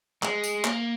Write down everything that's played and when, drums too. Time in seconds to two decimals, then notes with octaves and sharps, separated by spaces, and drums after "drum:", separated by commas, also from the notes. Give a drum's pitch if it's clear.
0.23 G#3, drum: clap
0.44 drum: tambourine
0.65 A#3, drum: clap